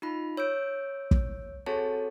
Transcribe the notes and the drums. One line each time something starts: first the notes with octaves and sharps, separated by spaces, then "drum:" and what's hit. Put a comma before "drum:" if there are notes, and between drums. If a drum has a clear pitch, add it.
D#4 F4 B5
C#5 E6 G6 D7
drum: kick
C4 F#4 G#4 A4 C#5 A5